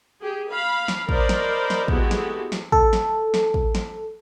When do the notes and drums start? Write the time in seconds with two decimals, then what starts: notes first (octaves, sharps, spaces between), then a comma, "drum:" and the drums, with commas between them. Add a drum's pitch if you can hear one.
0.21 G4 G#4
0.51 F5 B5
0.88 drum: snare
1.09 A#4 C5 D5 D#5 B5 C6, drum: kick
1.29 drum: snare
1.70 drum: snare
1.88 G#3 B3 E4 F#4 G4 A4, drum: kick
2.11 drum: snare
2.52 drum: snare
2.72 A4, drum: kick
2.93 drum: snare
3.34 drum: snare
3.54 drum: kick
3.75 drum: snare